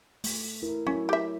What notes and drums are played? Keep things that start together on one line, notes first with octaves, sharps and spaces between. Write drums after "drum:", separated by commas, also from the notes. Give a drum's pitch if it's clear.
A3, drum: open hi-hat
E4 A#4
F#3 C#4 E4
G4 E5